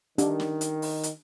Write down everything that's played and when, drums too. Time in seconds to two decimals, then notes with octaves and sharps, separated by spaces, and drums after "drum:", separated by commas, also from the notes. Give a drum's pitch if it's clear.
0.18 D#3 D4 G4, drum: hi-hat
0.40 drum: snare
0.61 drum: hi-hat
0.82 drum: open hi-hat
1.03 drum: hi-hat